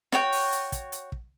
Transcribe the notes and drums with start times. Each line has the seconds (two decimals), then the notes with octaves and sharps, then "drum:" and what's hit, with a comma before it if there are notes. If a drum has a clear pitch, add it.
0.12 F#4 C#5 G5, drum: snare
0.32 drum: open hi-hat
0.52 drum: hi-hat
0.72 drum: kick, hi-hat
0.92 drum: hi-hat
1.12 drum: kick